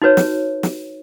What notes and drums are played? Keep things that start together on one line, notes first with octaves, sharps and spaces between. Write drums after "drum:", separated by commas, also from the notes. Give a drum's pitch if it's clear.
D#4 F#4 B4 C#5
drum: snare
drum: snare